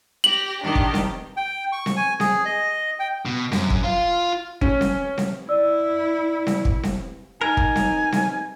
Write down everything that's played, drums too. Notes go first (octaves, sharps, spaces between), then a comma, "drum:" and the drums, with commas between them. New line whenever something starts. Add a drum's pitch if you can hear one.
G4 A#6 F#7
D#3 D4 G4
drum: kick
drum: snare C4
G5
C#6
drum: snare C4
G#5
G#4, drum: snare C4
D#5
G5
B2
F#2, drum: snare C4
drum: kick
F4 F5
C#4, drum: kick
drum: snare C4
drum: snare C4
E4 D5 E6
drum: snare C4
drum: kick
drum: snare C4
D#4 A#4 G#5
drum: kick
drum: snare C4
drum: snare C4